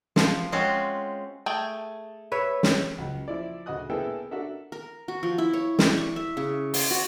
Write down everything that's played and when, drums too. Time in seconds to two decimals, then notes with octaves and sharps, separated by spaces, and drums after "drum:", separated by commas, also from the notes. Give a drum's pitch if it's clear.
0.16 F3, drum: snare
0.52 G#3 C4 C#4 F4 F#4
1.46 A3 G#4 G5
2.32 B4 C#5 E5
2.63 drum: snare
2.98 C#2 F#3
3.28 F3 E4 D5
3.66 D2 C#3 F#4 D#5 D#6 F#6
3.90 A#3 B3 E4 G#4 A4 G5
4.31 D4 F#4 A4 A#4 E5
4.72 A#4
5.08 F#4
5.23 F3
5.38 E4
5.53 C#5
5.79 D5, drum: snare
5.98 C#6
6.16 E5
6.37 C#3
6.74 C6, drum: open hi-hat
6.91 F#4